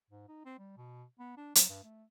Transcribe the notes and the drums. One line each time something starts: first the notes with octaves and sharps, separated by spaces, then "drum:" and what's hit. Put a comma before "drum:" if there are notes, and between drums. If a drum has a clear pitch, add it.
G#2
D#4
C4
G3
B2
B3
D4
F#3, drum: hi-hat
G2
A3